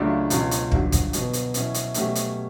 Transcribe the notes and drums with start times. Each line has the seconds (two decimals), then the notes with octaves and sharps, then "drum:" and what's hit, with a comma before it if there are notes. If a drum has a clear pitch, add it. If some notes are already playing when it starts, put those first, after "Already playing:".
Already playing: C#2 C#3 F#3 A3 D4
0.30 C#2 B2 F#3 C#4, drum: hi-hat
0.51 drum: hi-hat
0.72 G2 D3 F#3, drum: kick
0.92 drum: kick, hi-hat
1.13 B2 F#3 B3, drum: hi-hat
1.33 drum: hi-hat
1.54 B2 F#3 C#4 E4, drum: hi-hat
1.74 drum: hi-hat
1.94 B2 F#3 A3 C#4 G4, drum: hi-hat
2.15 drum: hi-hat